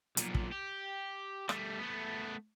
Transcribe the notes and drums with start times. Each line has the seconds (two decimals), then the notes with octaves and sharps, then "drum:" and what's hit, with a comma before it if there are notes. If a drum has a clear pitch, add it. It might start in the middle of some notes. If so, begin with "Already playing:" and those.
0.17 B1 A#2, drum: hi-hat
0.35 drum: kick
0.52 G4
1.49 G3 A3, drum: rim click
1.79 A3 B3